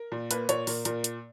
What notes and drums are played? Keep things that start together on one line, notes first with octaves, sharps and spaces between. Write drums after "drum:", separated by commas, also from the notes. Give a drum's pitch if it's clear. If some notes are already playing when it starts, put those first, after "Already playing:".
Already playing: A#4
A#2
A#3 B4, drum: hi-hat
A#2 C#5, drum: hi-hat
A#2 A#4, drum: open hi-hat
A#2 A#4, drum: hi-hat
drum: hi-hat